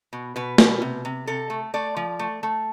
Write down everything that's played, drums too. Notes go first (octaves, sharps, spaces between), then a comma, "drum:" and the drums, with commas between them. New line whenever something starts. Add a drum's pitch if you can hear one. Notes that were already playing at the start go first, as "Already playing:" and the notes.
B2
B2 B4
B2, drum: snare
C3
C3
C3 A4
A3
A3 D5
F3
A3
A3